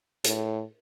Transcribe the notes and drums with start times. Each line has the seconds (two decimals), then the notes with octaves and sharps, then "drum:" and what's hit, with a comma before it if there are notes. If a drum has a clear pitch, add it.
0.24 A2, drum: hi-hat